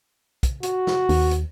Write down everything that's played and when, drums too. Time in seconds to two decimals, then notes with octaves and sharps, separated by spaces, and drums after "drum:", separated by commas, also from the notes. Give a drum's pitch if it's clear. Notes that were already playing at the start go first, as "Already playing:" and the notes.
0.43 drum: kick, hi-hat
0.63 F#4, drum: hi-hat
0.87 drum: snare
1.09 D#2, drum: open hi-hat
1.31 drum: hi-hat